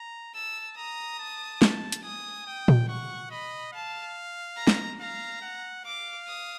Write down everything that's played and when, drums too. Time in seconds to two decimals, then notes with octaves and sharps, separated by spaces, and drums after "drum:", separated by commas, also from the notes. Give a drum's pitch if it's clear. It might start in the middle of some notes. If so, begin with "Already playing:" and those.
Already playing: A#5
0.34 A5 E6
0.76 A#5 D#6
1.19 A5
1.62 A5, drum: snare
1.92 drum: hi-hat
2.03 G#5 D#6
2.47 G5
2.68 drum: tom A#2
2.88 F#5 C#6
3.31 D#5 B5
3.72 F5 A5
4.57 A#5
4.67 drum: snare
5.00 F5 A#5
5.42 F#5
5.84 F5 D6
6.28 D#6